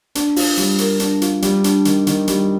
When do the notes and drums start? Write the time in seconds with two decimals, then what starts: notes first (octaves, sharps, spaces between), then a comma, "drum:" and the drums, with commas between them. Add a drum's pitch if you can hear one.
0.15 D4, drum: hi-hat
0.36 F4, drum: open hi-hat
0.57 G3, drum: hi-hat
0.78 A#4, drum: hi-hat
1.00 D4, drum: hi-hat
1.22 F4, drum: hi-hat
1.42 G3, drum: hi-hat
1.64 D4, drum: hi-hat
1.85 D#3, drum: hi-hat
2.07 D#3, drum: hi-hat
2.27 G3, drum: hi-hat